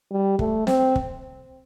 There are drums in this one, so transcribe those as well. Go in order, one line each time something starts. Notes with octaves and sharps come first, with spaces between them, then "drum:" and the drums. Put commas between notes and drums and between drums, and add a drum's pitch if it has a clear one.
G3
A3, drum: kick
C4, drum: snare
drum: kick